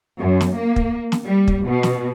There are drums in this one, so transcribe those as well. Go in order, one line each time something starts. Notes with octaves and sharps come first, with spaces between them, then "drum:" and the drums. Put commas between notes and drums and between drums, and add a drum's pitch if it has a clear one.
F#2
drum: snare
A#3
drum: kick
drum: snare
G3
drum: kick
B2
drum: snare